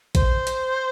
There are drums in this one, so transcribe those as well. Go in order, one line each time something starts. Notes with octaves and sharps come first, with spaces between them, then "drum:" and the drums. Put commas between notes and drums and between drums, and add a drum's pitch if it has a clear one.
C5, drum: kick, hi-hat
drum: hi-hat